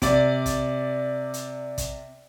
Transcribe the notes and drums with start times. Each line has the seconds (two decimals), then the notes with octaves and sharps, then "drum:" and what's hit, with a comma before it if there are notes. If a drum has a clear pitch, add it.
0.02 C3 D5, drum: kick, hi-hat
0.46 drum: kick, hi-hat
1.34 drum: hi-hat
1.78 drum: kick, hi-hat